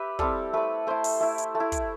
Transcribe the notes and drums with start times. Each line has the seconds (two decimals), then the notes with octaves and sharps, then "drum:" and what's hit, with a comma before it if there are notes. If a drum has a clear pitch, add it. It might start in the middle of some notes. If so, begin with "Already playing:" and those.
Already playing: G4 B4 E5
0.19 G3 C4 E4 A4, drum: kick
0.53 A3 E4 B4
0.87 A3 E4 C5
1.04 drum: open hi-hat
1.20 A3 E4
1.38 drum: hi-hat
1.55 A3
1.60 E4
1.72 drum: kick, hi-hat